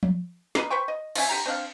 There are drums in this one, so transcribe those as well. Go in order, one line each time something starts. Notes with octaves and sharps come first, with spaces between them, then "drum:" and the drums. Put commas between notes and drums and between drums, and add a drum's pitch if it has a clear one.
drum: tom F3
A#4 B4 D#5, drum: snare
B4 C5 G5 C#6
D#5
F3 C#4 E5 G#5, drum: cymbal
D3 G4 A#5
C4 D4 D#5 F5